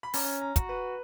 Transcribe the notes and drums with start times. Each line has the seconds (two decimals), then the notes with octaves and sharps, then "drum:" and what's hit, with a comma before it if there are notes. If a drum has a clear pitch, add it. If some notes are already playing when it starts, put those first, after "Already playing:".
0.03 B5
0.14 C#4 A#5, drum: open hi-hat
0.41 A#5
0.56 F#4, drum: kick, hi-hat
0.69 B4